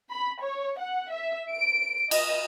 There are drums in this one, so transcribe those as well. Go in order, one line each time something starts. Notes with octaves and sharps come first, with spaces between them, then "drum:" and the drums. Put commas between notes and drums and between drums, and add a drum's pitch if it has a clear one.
B5
C#5
F#5
E5
D7
D#5, drum: cymbal